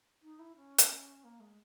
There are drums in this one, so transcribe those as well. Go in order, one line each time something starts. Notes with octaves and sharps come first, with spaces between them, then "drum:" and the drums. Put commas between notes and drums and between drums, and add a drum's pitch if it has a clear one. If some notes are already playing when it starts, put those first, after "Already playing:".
D#4
E4
C#4
drum: hi-hat
A#3
G#3